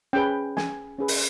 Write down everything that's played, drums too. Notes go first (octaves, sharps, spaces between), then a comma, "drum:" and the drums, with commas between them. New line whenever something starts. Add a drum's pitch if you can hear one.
C#4 G#4 B4 G5
G#5, drum: snare
C#4 G#4 B4
drum: open hi-hat